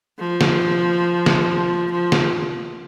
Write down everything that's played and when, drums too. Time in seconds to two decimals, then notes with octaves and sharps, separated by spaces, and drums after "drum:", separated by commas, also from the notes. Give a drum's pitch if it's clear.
0.19 F3
0.41 drum: snare
1.26 drum: snare
1.91 F3
2.12 drum: snare